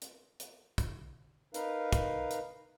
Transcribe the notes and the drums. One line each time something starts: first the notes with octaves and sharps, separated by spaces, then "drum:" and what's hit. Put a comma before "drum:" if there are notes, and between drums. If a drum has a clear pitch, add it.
drum: hi-hat
drum: hi-hat
drum: kick, hi-hat
D#4 A#4 B4 F5, drum: hi-hat
drum: kick, hi-hat
drum: hi-hat